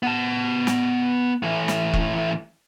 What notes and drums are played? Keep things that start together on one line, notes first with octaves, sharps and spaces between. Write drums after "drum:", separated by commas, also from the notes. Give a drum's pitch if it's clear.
B3 A5
drum: snare
A2 E3
drum: snare
drum: kick E1